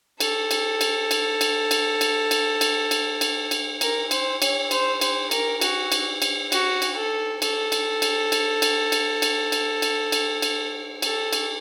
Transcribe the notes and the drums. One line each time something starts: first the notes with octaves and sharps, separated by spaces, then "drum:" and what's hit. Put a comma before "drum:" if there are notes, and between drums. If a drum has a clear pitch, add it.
A4, drum: cymbal
drum: cymbal
drum: cymbal
drum: cymbal
drum: cymbal
drum: cymbal
drum: cymbal
drum: cymbal
drum: cymbal
drum: cymbal
drum: cymbal
drum: cymbal
A#4, drum: cymbal
C5, drum: cymbal
C#5, drum: cymbal
C5, drum: cymbal
C5, drum: cymbal
A#4, drum: cymbal
F#4, drum: cymbal
drum: cymbal
drum: cymbal
F#4, drum: cymbal
drum: cymbal
A4
A4, drum: cymbal
drum: cymbal
drum: cymbal
drum: cymbal
drum: cymbal
drum: cymbal
drum: cymbal
drum: cymbal
drum: cymbal
drum: cymbal
drum: cymbal
A4, drum: cymbal
drum: cymbal